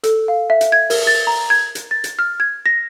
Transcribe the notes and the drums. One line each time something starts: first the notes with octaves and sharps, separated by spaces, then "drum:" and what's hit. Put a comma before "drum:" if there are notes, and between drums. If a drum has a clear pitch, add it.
A4, drum: hi-hat
F5
E5
drum: hi-hat
G#6
A#4, drum: open hi-hat
A6
A#5
G#6
drum: hi-hat
A6
drum: hi-hat
F6
G#6
A#6